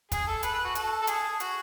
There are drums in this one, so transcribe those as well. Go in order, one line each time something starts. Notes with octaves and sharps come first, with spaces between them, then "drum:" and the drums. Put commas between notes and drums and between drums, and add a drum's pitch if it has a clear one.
G#4, drum: kick, hi-hat
A4
B4, drum: hi-hat
B4
F#4
A4, drum: hi-hat
A4
G#4, drum: hi-hat
F#4, drum: hi-hat